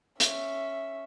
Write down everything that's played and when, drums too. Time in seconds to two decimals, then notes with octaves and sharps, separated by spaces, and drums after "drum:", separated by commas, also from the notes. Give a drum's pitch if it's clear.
0.20 C#4 E5, drum: hi-hat